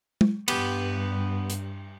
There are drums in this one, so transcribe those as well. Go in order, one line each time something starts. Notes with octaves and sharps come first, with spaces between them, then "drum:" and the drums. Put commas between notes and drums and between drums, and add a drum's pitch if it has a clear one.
drum: tom G#3
G2 B3 G4, drum: cymbal
drum: hi-hat